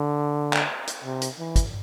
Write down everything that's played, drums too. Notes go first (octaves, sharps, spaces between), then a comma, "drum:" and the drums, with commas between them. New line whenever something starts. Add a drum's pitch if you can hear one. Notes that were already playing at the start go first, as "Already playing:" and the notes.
Already playing: D3
drum: clap
drum: hi-hat
C3
drum: hi-hat
E3
drum: kick, hi-hat